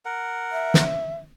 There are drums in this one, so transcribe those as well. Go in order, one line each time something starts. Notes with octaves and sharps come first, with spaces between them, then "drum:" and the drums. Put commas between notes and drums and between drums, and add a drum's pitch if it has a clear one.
A#4 F#5
E5
drum: snare